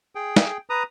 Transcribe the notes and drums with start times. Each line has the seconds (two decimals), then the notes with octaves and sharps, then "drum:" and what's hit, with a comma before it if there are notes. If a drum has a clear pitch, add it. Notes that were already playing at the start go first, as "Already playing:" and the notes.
0.15 G#4 G5
0.36 drum: snare
0.70 B4 A#5 D#6